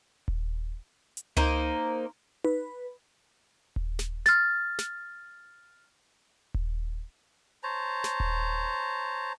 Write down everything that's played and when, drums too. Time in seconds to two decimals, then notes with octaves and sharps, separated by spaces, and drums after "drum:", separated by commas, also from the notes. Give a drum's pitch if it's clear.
0.28 drum: kick D#1
1.17 drum: hi-hat
1.37 A#3 D#4 C5, drum: tom C#2
2.44 B4, drum: tom D#4
3.76 drum: kick D#1
3.99 drum: snare
4.26 F6 A6, drum: snare
4.79 drum: snare
6.54 drum: kick D#1
7.63 C5 C#5 A5 A#5
8.04 drum: snare
8.20 drum: kick D#1